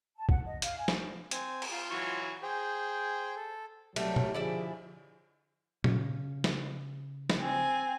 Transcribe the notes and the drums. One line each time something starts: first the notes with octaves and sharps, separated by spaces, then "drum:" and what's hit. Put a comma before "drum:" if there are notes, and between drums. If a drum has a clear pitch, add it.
A5
F#5, drum: kick
D#5
F5, drum: hi-hat
G#5
drum: snare
C4 G#5, drum: hi-hat
drum: cymbal
F4 C6
E3 F#3 C#6
G#4 C5 G5
A4
C2 F#3 G3 A3, drum: cymbal
drum: tom
D3 F3 E4 G#4 D5 E5
C#3, drum: tom A#2
drum: snare
drum: snare
C4 G#5